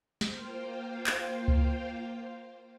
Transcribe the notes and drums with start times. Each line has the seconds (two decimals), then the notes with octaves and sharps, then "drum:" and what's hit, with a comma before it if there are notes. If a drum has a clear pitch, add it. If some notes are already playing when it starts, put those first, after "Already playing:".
0.21 A#3 F4 C5 F5 G5, drum: snare
1.07 drum: clap
1.48 drum: kick C#2